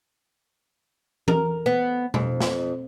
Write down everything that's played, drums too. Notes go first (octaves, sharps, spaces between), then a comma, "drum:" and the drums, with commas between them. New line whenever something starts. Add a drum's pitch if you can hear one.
A#4, drum: tom E3
B3
F2, drum: tom B2
drum: snare